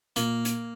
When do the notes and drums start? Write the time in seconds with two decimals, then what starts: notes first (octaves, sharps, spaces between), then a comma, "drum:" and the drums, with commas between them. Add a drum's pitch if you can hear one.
0.16 A#2 A#3, drum: hi-hat
0.45 drum: hi-hat